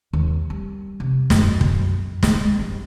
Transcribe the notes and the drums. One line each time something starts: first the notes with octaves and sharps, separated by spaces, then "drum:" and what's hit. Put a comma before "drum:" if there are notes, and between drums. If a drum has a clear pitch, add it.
D#2
G3
C3
F#2, drum: snare
drum: kick
G#3, drum: snare
G2